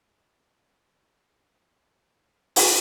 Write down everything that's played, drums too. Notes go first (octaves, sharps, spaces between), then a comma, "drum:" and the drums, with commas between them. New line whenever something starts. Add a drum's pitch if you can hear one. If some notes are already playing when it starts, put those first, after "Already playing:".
G3 A#3 A#4 F5 C#6
E6
B1 G3 G#3 C5
drum: open hi-hat